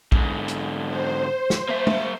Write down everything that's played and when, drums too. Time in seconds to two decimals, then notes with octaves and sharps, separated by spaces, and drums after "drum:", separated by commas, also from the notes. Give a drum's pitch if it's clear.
0.12 G#2 D3, drum: kick
0.48 drum: hi-hat
0.86 C5
1.50 drum: snare
1.69 A#3 E5
1.87 drum: tom